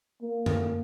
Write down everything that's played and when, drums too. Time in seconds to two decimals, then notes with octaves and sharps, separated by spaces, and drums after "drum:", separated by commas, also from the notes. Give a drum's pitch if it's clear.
0.22 A#3
0.46 drum: tom F#2